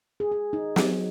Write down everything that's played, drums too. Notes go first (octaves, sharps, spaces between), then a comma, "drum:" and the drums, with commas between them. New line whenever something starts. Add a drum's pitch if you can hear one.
G#4
G#4
D#4
F#3, drum: snare